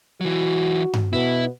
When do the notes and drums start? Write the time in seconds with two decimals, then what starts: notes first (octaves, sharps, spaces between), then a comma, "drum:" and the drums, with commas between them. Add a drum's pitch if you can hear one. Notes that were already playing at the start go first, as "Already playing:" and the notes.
0.21 E3 F#3 F#4
0.93 drum: tom G2
1.13 B2 B3 E4